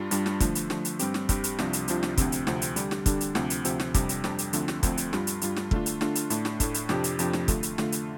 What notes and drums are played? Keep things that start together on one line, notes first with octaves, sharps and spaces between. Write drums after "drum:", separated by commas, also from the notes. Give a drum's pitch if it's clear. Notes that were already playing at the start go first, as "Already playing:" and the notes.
Already playing: G2 G3 D4 F4
G2 G3 D4 F4, drum: hi-hat
drum: snare
D3 F3 A3, drum: kick, hi-hat
drum: hi-hat
D3 F3 A3, drum: snare
drum: hi-hat
G2 G3 C4 G4, drum: hi-hat
drum: snare
G2 G3 C4 G4, drum: kick, hi-hat
drum: hi-hat
C2 C3 F3 D4 F4, drum: snare
drum: hi-hat
C2 C3 F3 D4 F4, drum: hi-hat
drum: snare
D2 C3 F3 C4, drum: kick, hi-hat
drum: hi-hat
D2 C3 F3 C4, drum: snare
drum: hi-hat
D3 G3 D4 G4, drum: hi-hat
drum: snare
D3 G3 D4 G4, drum: kick, hi-hat
drum: hi-hat
D2 C3 F3 C4 G4, drum: snare
drum: hi-hat
D2 C3 F3 C4 G4, drum: hi-hat
drum: snare
F2 C3 G3 D4 G4, drum: kick, hi-hat
drum: hi-hat
F2 C3 G3 D4 G4, drum: snare
drum: hi-hat
D2 D3 F3 A3 C4, drum: hi-hat
drum: snare
D2 D3 F3 A3 C4, drum: kick, hi-hat
drum: hi-hat
G2 G3 F4, drum: snare
drum: hi-hat
G2 G3 F4, drum: hi-hat
drum: snare
D3 A3 D4 F4, drum: kick
drum: hi-hat
D3 A3 D4 F4, drum: snare
drum: hi-hat
A2 A3 D4, drum: hi-hat
drum: snare
A2 A3 D4, drum: kick, hi-hat
drum: hi-hat
F2 C3 F3 D4 G4, drum: snare
drum: hi-hat
F2 C3 F3 D4 G4, drum: hi-hat
drum: snare
D3 A3 F4, drum: kick, hi-hat
drum: hi-hat
D3 A3 F4, drum: snare
drum: hi-hat